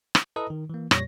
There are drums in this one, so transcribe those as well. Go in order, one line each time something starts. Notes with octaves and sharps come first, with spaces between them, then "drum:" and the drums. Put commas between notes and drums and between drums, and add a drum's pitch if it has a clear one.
drum: rim click
E4 A4 B4 D#5 A#5 D#6
D#3
E3 A#3
F2 A#2 G3 C#5 A#6, drum: rim click